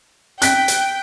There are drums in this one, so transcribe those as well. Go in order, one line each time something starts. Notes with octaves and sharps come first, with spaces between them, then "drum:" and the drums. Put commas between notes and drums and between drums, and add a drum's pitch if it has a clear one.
G5 F#6 B6, drum: hi-hat
drum: hi-hat